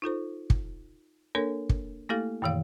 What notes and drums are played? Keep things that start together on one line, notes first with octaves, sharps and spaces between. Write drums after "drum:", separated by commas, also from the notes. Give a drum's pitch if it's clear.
D#4 F4 A4 C5
drum: kick
A#3 D4 A4 A#4 C#5
drum: kick
A3 A#3 E4 G4 A4 F5
F#2 A#2 D#3 E3 F5